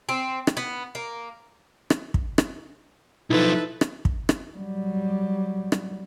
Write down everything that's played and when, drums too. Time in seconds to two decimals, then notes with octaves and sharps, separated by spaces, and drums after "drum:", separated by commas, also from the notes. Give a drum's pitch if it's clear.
0.09 C4
0.47 drum: rim click
0.57 B3
0.95 A#3
1.90 drum: rim click
2.14 drum: kick
2.38 drum: rim click
3.30 B1 F3 D#4 E4 A4 B4
3.81 drum: rim click
4.05 drum: kick
4.29 drum: rim click
4.56 F#3 G3
5.72 drum: rim click